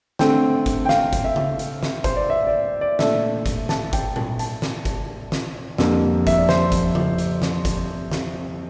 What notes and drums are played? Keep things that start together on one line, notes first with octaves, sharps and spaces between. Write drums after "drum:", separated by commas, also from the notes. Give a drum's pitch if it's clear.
D3 A3 C4 G5, drum: snare
drum: kick G1, hi-hat
G5
F5, drum: snare
drum: kick G1, hi-hat
E5
drum: tom C#3
drum: hi-hat
drum: snare
C5, drum: kick G1, hi-hat
D5
E5
D5
D5
A#2 A3 D4 E5, drum: snare
drum: kick G1, hi-hat
A5, drum: snare
G5, drum: kick G1, hi-hat
A5, drum: tom A#2
A5, drum: hi-hat
drum: snare
drum: kick G1, hi-hat
drum: snare
F2 D3 G3 A#3, drum: snare
E5, drum: kick G1, hi-hat
D5
C5, drum: snare
drum: kick G1, hi-hat
drum: tom C#3
drum: hi-hat
drum: snare
drum: kick G1, hi-hat
drum: snare